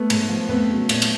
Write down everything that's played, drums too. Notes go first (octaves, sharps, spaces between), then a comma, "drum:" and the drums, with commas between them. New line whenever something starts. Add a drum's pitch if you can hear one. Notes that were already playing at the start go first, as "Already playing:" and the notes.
Already playing: A3 B3
G#2, drum: cymbal
F3
F2 A3 B3
C#3 F#3
A#2, drum: cymbal
drum: cymbal